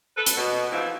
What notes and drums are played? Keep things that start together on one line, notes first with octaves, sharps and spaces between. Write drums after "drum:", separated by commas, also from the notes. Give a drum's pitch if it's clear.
A4 B4
drum: hi-hat
B2
G#2 E3 F3 C4 D#4 E4